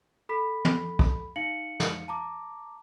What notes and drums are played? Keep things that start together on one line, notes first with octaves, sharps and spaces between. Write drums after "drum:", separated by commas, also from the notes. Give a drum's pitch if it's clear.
A4 B5 B6
drum: tom
drum: kick
D#4 F5 C#7 F#7
drum: snare
A5 A#5 D6